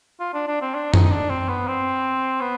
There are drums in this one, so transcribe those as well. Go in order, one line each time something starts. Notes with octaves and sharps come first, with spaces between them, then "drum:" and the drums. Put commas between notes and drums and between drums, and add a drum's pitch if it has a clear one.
F4
D4
D4
C4
D4
D#4, drum: tom F#2
D4
C4
B3
C4
B3